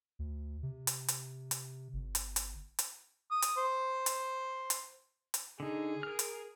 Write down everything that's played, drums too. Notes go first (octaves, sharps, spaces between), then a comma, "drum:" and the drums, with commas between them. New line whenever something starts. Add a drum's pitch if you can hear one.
D2
C3
drum: hi-hat
drum: hi-hat
drum: hi-hat
G1
drum: hi-hat
drum: hi-hat
drum: hi-hat
D#6
drum: hi-hat
C5
drum: hi-hat
drum: hi-hat
drum: hi-hat
D3 D#4 G#4
A#4 F6
drum: hi-hat